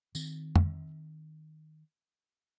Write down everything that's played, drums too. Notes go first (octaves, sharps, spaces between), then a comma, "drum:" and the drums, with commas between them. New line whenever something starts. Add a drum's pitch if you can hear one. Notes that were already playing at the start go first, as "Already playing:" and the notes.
D#3 C4, drum: tambourine
drum: tom